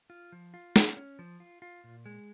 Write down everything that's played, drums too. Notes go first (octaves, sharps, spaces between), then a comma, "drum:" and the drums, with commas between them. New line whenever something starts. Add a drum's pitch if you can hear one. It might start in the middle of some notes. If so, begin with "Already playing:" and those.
F4
F3
F4
C#4, drum: snare
C#4
F3
F4
F4
A#2
G#3